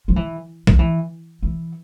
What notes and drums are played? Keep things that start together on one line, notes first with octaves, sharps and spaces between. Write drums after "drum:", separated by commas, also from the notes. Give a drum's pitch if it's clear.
F3
E3
F3, drum: kick B1
E3
E3